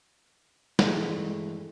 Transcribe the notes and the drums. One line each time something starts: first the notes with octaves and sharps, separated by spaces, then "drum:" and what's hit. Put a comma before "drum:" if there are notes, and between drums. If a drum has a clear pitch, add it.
G2 E3 G#3 A3, drum: snare